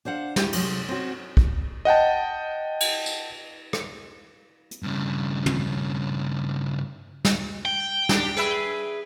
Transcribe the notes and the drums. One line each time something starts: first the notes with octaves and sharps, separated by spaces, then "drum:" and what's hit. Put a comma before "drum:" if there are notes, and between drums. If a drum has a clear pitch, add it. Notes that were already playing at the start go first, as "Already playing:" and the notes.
D4 C5 F5 F#5
E4 G4 G#4, drum: snare
C3 F#3 G#3, drum: cymbal
C4 C#4 F#4
drum: kick
D#5 F#5 G5 A5
drum: cymbal
drum: tambourine
drum: rim click
drum: hi-hat
G2 C#3
drum: tom
drum: snare
G5
D4 G4, drum: snare
G#4 B4 E5